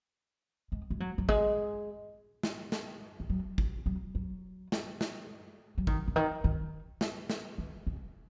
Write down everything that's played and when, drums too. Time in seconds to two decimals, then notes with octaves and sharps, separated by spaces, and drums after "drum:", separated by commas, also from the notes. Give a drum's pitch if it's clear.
0.72 G#3
0.90 G#3
1.00 F#3
1.18 F#3
1.29 G#3, drum: kick
2.43 drum: snare
2.72 drum: snare
3.20 D#3
3.30 F#3
3.58 D#3, drum: kick
3.86 F#3
4.15 F#3
4.72 drum: snare
5.01 drum: snare
5.78 F#3
5.87 D#3, drum: kick
6.08 C#3
6.16 D#3
6.44 D#3
7.01 drum: snare
7.30 drum: snare
7.58 D#3
7.87 C#3